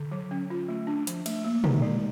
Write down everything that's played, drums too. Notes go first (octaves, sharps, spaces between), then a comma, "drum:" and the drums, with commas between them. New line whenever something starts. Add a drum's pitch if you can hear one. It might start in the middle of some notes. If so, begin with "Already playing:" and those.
Already playing: D3
F#3
C#4
F4
A3
D4
F3, drum: hi-hat
A3, drum: cymbal
A#3
D#4, drum: tom
G#3